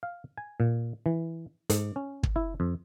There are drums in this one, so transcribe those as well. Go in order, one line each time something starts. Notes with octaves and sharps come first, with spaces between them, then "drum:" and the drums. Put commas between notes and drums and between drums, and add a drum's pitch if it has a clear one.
F5
G#5
A#2
E3
G#2, drum: hi-hat
C#4
drum: kick
E4
F2